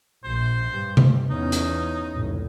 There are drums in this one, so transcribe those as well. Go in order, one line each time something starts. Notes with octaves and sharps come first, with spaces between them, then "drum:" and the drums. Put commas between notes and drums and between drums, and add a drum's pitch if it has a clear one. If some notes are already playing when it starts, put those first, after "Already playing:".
A#1 C5
G2
drum: tom C3
E2 C#4 D#4
drum: hi-hat
F1 C#2 A2